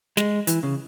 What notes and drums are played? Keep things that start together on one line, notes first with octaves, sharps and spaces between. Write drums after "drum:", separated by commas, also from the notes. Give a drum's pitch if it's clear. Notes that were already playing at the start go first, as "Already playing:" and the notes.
G#3, drum: snare
E3, drum: hi-hat
C#3